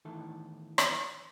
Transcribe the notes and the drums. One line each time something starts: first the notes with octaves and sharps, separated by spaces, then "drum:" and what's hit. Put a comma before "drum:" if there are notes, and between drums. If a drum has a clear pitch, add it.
E2 A2 D#3 E3 A3 A4
drum: rim click